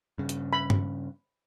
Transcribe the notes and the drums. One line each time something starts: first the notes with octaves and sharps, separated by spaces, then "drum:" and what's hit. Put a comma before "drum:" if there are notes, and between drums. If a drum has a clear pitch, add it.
G2 C#3
drum: hi-hat
B5
drum: tom G2